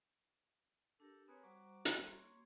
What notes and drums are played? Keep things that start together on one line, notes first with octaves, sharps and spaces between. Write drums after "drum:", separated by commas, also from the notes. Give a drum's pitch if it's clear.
D4 G4 A4 A#4
C4 G#4 A#4 B4 C#5
G3 F#4 C5 A#5 D6
drum: hi-hat
C#5 C6 C#6
A#3 F#4